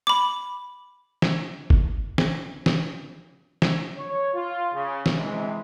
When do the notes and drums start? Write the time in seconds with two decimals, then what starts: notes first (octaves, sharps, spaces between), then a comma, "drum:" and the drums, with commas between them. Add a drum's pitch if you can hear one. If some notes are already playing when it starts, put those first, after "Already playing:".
0.07 B5 D6
1.22 drum: snare
1.70 drum: kick G#1
2.18 drum: snare
2.66 drum: snare
3.62 drum: snare
3.97 C#5
4.34 F4
4.73 C#3
5.06 drum: snare
5.15 C3 E3 G#3